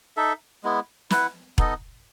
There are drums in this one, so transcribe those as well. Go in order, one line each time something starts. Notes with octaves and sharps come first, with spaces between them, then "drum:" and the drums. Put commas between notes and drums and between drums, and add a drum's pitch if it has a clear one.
D#4 A4 E5
G#3 B3 E4
E4 B4 F#5, drum: snare
B3 D#4 A4 D#5, drum: kick E1